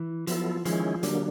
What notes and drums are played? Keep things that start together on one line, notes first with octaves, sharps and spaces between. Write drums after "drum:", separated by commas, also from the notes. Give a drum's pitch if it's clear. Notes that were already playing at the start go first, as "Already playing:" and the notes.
Already playing: E3
F3 F#3 B3 E4 A4, drum: hi-hat
D#3 F3 G#3 C#4 E4 G#4, drum: hi-hat
D3 F#3 G3 A#3 D4, drum: hi-hat